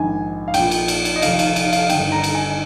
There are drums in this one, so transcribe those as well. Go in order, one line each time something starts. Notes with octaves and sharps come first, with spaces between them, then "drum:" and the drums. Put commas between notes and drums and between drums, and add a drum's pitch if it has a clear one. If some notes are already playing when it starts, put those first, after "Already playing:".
Already playing: A#1 G#2 D#3 G#5
F5
A#1 G5, drum: cymbal
A#2
drum: cymbal
drum: cymbal
drum: cymbal
D#5
F1 F2 D#3 F5, drum: cymbal
F5, drum: cymbal
F5, drum: cymbal
F5, drum: cymbal
G1 G2 D#3 G5, drum: cymbal
A#5
drum: cymbal
G#5